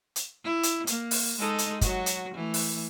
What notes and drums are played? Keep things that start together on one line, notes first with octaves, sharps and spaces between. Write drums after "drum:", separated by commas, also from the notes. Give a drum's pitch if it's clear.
drum: hi-hat
E4
drum: hi-hat
A#3, drum: hi-hat
drum: open hi-hat
G#3 D#4 A4
drum: hi-hat
F#3 F#4, drum: kick F#1, hi-hat
drum: hi-hat
E3 A3
drum: open hi-hat